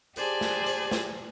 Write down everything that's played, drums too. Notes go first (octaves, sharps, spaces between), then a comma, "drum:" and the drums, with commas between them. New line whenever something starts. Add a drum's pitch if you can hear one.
G4 G#4 C5 D5 G#5 A5, drum: hi-hat
drum: snare
drum: hi-hat
drum: snare